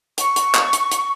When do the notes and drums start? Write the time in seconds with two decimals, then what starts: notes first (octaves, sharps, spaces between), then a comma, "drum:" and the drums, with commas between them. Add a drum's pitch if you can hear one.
0.18 C#6, drum: hi-hat
0.36 drum: hi-hat
0.55 drum: clap
0.73 drum: hi-hat
0.92 drum: hi-hat